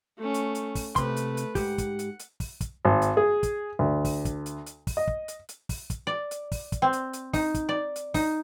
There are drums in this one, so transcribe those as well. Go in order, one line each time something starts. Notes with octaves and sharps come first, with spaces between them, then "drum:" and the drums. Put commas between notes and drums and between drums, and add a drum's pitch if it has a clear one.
A3 C#4
drum: hi-hat
drum: hi-hat
drum: kick, open hi-hat
C3 A3 B4 C6, drum: kick, hi-hat
drum: hi-hat
drum: hi-hat
G#2 G4 F#5, drum: kick, open hi-hat
drum: kick, hi-hat
drum: hi-hat
drum: hi-hat
drum: kick, open hi-hat
drum: kick, hi-hat
G#1
drum: hi-hat
G#4
drum: kick, hi-hat
D2
drum: kick, open hi-hat
drum: kick, hi-hat
drum: hi-hat
drum: hi-hat
drum: kick, open hi-hat
D#5
drum: kick
drum: hi-hat
drum: hi-hat
drum: kick, open hi-hat
drum: kick, hi-hat
D5
drum: hi-hat
drum: kick, open hi-hat
drum: kick, hi-hat
C4
drum: hi-hat
drum: hi-hat
D#4, drum: kick, open hi-hat
drum: kick, hi-hat
D5
drum: hi-hat
D#4, drum: kick, open hi-hat